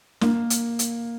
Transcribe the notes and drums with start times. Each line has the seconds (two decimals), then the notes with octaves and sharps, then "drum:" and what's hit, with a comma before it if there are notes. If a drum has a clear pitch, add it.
0.21 A#3, drum: snare
0.50 drum: hi-hat
0.79 drum: hi-hat